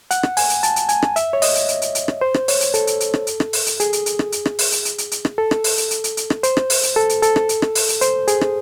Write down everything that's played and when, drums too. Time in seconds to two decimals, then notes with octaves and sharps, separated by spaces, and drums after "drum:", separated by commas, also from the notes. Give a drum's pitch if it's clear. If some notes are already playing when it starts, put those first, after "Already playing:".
0.11 F#5, drum: hi-hat
0.23 drum: rim click
0.37 G#5, drum: open hi-hat
0.50 drum: hi-hat
0.63 A5, drum: hi-hat
0.76 drum: hi-hat
0.89 G#5, drum: hi-hat
1.02 drum: rim click
1.16 E5, drum: hi-hat
1.33 C#5
1.42 D#5, drum: open hi-hat
1.55 drum: hi-hat
1.68 drum: hi-hat
1.82 drum: hi-hat
1.95 drum: hi-hat
2.08 drum: rim click
2.21 C5
2.34 drum: rim click
2.48 C#5, drum: open hi-hat
2.61 drum: hi-hat
2.74 A4, drum: hi-hat
2.87 drum: hi-hat
3.00 drum: hi-hat
3.14 drum: rim click
3.27 drum: hi-hat
3.40 drum: rim click
3.53 drum: open hi-hat
3.66 drum: hi-hat
3.80 G#4, drum: hi-hat
3.93 drum: hi-hat
4.06 drum: hi-hat
4.19 drum: rim click
4.32 drum: hi-hat
4.46 drum: rim click
4.59 drum: open hi-hat
4.72 drum: hi-hat
4.85 drum: hi-hat
4.98 drum: hi-hat
5.12 drum: hi-hat
5.25 drum: rim click
5.38 A4
5.51 drum: rim click
5.64 drum: open hi-hat
5.77 drum: hi-hat
5.91 drum: hi-hat
6.04 drum: hi-hat
6.17 drum: hi-hat
6.30 drum: rim click
6.43 C5, drum: hi-hat
6.57 drum: rim click
6.70 drum: open hi-hat
6.83 drum: hi-hat
6.96 A4
7.09 drum: hi-hat
7.22 A4, drum: hi-hat
7.36 drum: rim click
7.49 drum: hi-hat
7.62 drum: rim click
7.75 drum: open hi-hat
7.89 drum: hi-hat
8.01 C5, drum: hi-hat
8.28 G#4, drum: hi-hat
8.41 drum: rim click